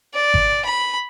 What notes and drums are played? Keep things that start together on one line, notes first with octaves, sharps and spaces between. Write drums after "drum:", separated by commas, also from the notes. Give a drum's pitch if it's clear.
D5
drum: kick G#1
B5